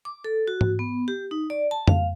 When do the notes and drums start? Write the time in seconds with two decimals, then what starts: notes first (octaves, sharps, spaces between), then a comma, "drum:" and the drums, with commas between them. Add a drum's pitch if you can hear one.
0.05 D6
0.24 A4
0.48 F#4
0.61 drum: tom G#2
0.79 B3
1.08 G4
1.31 D#4
1.50 D5
1.71 A5
1.87 F5, drum: tom F2